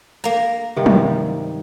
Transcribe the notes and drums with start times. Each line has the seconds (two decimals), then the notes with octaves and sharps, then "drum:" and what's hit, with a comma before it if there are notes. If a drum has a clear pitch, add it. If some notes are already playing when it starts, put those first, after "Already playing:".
0.24 A#3 A#5
0.76 G2 C3 D#3
0.86 drum: tom